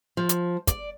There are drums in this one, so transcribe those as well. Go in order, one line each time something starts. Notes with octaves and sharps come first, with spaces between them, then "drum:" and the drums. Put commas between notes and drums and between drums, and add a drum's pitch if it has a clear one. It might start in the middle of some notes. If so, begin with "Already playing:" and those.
F3
drum: hi-hat
D5, drum: kick, hi-hat